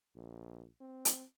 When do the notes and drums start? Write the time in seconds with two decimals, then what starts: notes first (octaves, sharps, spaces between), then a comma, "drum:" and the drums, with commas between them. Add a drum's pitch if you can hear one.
0.15 A#1
0.81 C4
1.05 drum: hi-hat